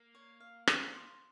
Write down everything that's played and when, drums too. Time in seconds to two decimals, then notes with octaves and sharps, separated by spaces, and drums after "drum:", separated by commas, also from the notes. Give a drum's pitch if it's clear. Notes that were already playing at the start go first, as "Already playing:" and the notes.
Already playing: A#3
0.15 C#5
0.40 F5
0.67 F5, drum: rim click
0.94 C6